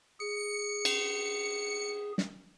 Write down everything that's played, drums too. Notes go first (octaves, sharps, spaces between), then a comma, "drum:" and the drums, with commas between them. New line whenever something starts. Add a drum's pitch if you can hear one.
G#4 C#7
drum: cymbal
drum: snare